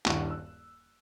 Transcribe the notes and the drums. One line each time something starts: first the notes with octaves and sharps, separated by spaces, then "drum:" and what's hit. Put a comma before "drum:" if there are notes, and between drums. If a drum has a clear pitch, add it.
D#1 G2 E4 F#5 C#6 F#6, drum: clap
E6